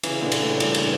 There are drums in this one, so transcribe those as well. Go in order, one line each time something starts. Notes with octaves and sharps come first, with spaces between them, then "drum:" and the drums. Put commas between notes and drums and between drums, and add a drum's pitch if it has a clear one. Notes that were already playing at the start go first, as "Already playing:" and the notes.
C#3 E3, drum: cymbal
A#2 D3
drum: cymbal
A2
G2 A#2, drum: cymbal
drum: cymbal